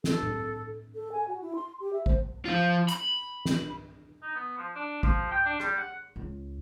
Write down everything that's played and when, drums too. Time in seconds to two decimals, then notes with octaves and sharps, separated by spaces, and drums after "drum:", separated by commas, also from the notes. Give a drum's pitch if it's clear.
0.04 A4, drum: snare
0.23 drum: tom A2
0.95 A4
1.12 G#5
1.28 F#4
1.42 E4
1.55 C6
1.80 G4
1.93 E5
2.06 C5, drum: kick
2.45 F3 F4
2.88 B5, drum: hi-hat
3.45 drum: snare
4.22 D#4
4.35 B3
4.58 F3
4.76 D4
5.03 F3, drum: kick
5.31 G5
5.46 D4
5.60 G3, drum: rim click
5.78 F#5
6.16 C#2